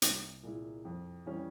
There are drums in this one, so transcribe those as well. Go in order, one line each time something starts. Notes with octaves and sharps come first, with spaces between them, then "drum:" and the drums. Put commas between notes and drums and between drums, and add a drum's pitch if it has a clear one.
C2, drum: hi-hat
A#2 G#3 E4
F2
E3 G3 C#4